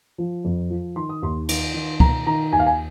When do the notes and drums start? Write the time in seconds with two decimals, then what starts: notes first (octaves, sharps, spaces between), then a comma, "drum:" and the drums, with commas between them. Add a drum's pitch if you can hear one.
0.18 F3
0.44 F2
0.70 F3
0.96 D#3 C6
1.09 D#6
1.22 D#2 C6
1.49 D#3, drum: cymbal
1.74 D#3
2.00 D#3 A#5, drum: kick C#2
2.27 D#3 A#5
2.52 D#2 G#5
2.59 F5
2.66 G#5